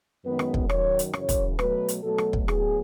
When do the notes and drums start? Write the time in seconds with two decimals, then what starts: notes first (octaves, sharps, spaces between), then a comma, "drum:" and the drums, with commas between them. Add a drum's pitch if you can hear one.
0.24 F#2 D#3 G#3 B3 B4
0.39 drum: rim click
0.54 drum: kick
0.69 F#2 D#3 F#3 C#5, drum: rim click
0.99 drum: hi-hat
1.13 F#2 C#3 E3 C#5, drum: rim click
1.29 drum: kick, hi-hat
1.59 B2 F#3 A3 B4, drum: rim click
1.88 drum: hi-hat
2.03 B2 F#3 A3 A4
2.18 drum: rim click
2.33 drum: kick
2.48 A2 F#3 B3 G#4, drum: rim click